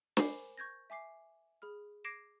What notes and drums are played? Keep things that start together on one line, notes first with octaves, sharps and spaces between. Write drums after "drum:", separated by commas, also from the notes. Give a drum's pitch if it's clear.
A#4 C5 G#5 B5 D6 C7, drum: snare
C#6 G6 G#6 A#6
E5 G#5 D6 C7
G#4 B5 F6
D6 G#6 A#6 C7 D7 E7